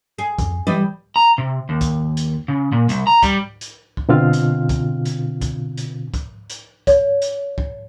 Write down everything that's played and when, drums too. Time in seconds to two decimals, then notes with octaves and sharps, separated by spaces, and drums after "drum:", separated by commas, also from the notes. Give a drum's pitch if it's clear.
0.18 G#4
0.39 F2, drum: kick, hi-hat
0.67 E3 G3 B4 D#5
1.16 A#5
1.38 C3
1.69 D#2
1.81 drum: kick, hi-hat
2.17 drum: hi-hat
2.48 C#3
2.72 A#2
2.89 C2, drum: hi-hat
3.07 A#5
3.23 G3, drum: kick, hi-hat
3.61 drum: hi-hat
3.97 drum: kick
4.09 B2 D3 C4 F4 F5 F6
4.33 drum: hi-hat
4.69 drum: kick, hi-hat
5.05 drum: hi-hat
5.41 drum: kick, hi-hat
5.78 drum: hi-hat
6.14 drum: kick, hi-hat
6.50 drum: hi-hat
6.87 C#5, drum: kick, hi-hat
7.22 drum: hi-hat
7.58 drum: kick